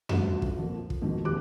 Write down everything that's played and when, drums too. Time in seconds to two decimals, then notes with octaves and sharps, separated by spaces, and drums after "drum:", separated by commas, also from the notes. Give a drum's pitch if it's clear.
0.09 A1 D2 G2 F3 F#4 E7, drum: tom F2
0.42 drum: kick
0.58 F2 A#2
0.77 F3
0.90 drum: kick
1.02 F2 G#2 B2 D#3
1.24 D#1 F2 G4 D6 F#6